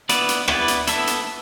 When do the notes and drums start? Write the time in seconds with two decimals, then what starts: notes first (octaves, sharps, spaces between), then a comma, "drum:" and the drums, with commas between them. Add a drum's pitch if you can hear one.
0.09 B3 E4 B4 D5, drum: hi-hat
0.29 drum: hi-hat
0.48 B3 E4 B4 D5, drum: rim click
0.68 drum: hi-hat
0.87 B3 E4 A4 E5, drum: hi-hat
1.07 drum: hi-hat